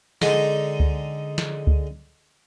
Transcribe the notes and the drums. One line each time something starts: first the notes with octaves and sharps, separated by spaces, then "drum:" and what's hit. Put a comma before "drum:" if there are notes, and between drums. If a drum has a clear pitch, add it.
D3 G#3 D#4, drum: snare
drum: kick C#2
drum: snare
drum: kick C#2